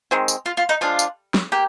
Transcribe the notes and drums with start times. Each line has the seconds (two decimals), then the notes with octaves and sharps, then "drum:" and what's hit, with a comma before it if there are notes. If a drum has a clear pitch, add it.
0.11 D#3 G#3 C4
0.28 drum: tambourine
0.46 F4
0.57 F4
0.69 D#4
0.81 F3 G#3 D4 F4
0.99 drum: tambourine
1.34 drum: snare
1.52 A#3 G4